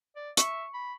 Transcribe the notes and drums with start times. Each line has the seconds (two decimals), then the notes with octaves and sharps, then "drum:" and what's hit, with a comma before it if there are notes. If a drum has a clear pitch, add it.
0.16 D5
0.37 E5 C#6, drum: hi-hat
0.74 B5